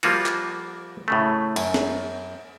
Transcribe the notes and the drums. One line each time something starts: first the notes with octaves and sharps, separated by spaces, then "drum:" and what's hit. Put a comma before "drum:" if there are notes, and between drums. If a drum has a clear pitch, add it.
F3 G3 A#3 F4 F#4, drum: cymbal
drum: clap
A2 C#3 A3
F#2, drum: cymbal
drum: snare